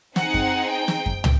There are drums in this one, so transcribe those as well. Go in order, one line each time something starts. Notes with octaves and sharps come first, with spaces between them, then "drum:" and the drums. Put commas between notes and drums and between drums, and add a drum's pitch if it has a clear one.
C4 D#4 G#4 F#5, drum: snare
drum: kick F#2
G5
drum: snare
drum: kick F#2
drum: tom